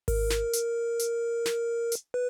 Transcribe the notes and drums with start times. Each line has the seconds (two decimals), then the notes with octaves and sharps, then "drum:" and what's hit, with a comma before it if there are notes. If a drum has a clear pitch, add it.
0.08 A#4, drum: kick G#1, open hi-hat
0.30 drum: snare
0.53 drum: hi-hat
0.99 drum: hi-hat
1.46 drum: snare
1.92 drum: hi-hat
2.14 B4